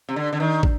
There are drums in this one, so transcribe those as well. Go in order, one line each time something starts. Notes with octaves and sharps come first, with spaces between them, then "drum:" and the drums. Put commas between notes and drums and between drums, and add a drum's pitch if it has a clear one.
C3
D3
D3
D#3
drum: kick